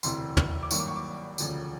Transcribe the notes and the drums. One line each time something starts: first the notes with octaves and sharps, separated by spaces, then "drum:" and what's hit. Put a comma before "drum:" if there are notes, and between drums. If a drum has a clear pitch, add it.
E1 D2 C3 E3 C6, drum: tambourine
drum: tom
D6
G#1 G2 D#3 F#3 A#3 C#6, drum: tambourine
D6
C#6
D6
E1 D2 C#3 F3, drum: tambourine